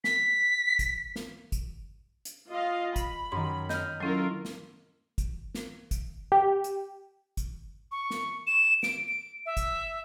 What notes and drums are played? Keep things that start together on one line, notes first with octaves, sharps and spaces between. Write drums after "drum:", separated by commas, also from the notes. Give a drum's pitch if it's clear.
B6, drum: snare
drum: kick, hi-hat
drum: snare
drum: kick, hi-hat
drum: hi-hat
F4 D#5 F5
B5, drum: kick, hi-hat
F#2 D#3 C6
D#5 F6 G6, drum: snare
F#3 C#4 E4 F4 A4 A#4 C7
drum: snare
drum: kick, hi-hat
drum: snare
drum: kick, hi-hat
G4
drum: hi-hat
drum: kick, hi-hat
C#6
drum: snare
E7
D7, drum: snare
D7
E5
drum: kick, hi-hat